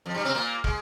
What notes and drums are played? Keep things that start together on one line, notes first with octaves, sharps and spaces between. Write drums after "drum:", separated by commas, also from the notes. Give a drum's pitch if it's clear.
F2 F3
G2 G3
C3 C4
A#2 A#3
G#3, drum: kick